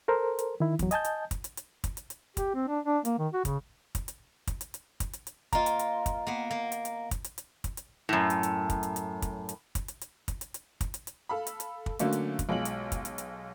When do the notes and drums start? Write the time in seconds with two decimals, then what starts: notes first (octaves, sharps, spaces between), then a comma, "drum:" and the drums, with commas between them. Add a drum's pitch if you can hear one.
0.08 A4 A#4 C5
0.39 drum: hi-hat
0.60 D#3 E4
0.79 E2 F#3, drum: kick, hi-hat
0.91 D#5 G#5 A5 G6, drum: hi-hat
1.05 drum: hi-hat
1.31 drum: kick, hi-hat
1.44 drum: hi-hat
1.57 drum: hi-hat
1.84 drum: kick, hi-hat
1.97 drum: hi-hat
2.10 drum: hi-hat
2.37 G4, drum: kick, hi-hat
2.54 C4
2.68 D4
2.85 D4
3.05 A#3, drum: hi-hat
3.19 D#3
3.33 F#4
3.45 C#3, drum: kick, hi-hat
3.95 drum: kick, hi-hat
4.08 drum: hi-hat
4.47 drum: kick, hi-hat
4.61 drum: hi-hat
4.74 drum: hi-hat
5.00 drum: kick, hi-hat
5.13 drum: hi-hat
5.27 drum: hi-hat
5.53 A#3 F4 D#5 A#5, drum: kick, hi-hat
5.66 drum: hi-hat
5.79 drum: hi-hat
6.06 drum: kick, hi-hat
6.27 A#3 B3
6.51 A#3
6.72 drum: hi-hat
6.85 drum: hi-hat
7.11 drum: kick, hi-hat
7.24 drum: hi-hat
7.38 drum: hi-hat
7.64 drum: kick, hi-hat
7.77 drum: hi-hat
8.09 F#2 A2
8.30 drum: hi-hat
8.43 drum: hi-hat
8.70 drum: kick, hi-hat
8.83 drum: hi-hat
8.96 drum: hi-hat
9.22 drum: kick, hi-hat
9.49 drum: hi-hat
9.75 drum: kick, hi-hat
9.88 drum: hi-hat
10.01 drum: hi-hat
10.28 drum: kick, hi-hat
10.41 drum: hi-hat
10.54 drum: hi-hat
10.81 drum: kick, hi-hat
10.94 drum: hi-hat
11.07 drum: hi-hat
11.29 A4 F5 B5
11.47 drum: hi-hat
11.60 drum: hi-hat
11.86 drum: kick
11.99 D3 F#3 A3 A#3 C#4, drum: hi-hat
12.13 drum: hi-hat
12.39 drum: kick, hi-hat
12.49 B1 G#3 F4 F#7
12.65 drum: hi-hat
12.92 drum: kick, hi-hat
13.05 drum: hi-hat
13.18 drum: hi-hat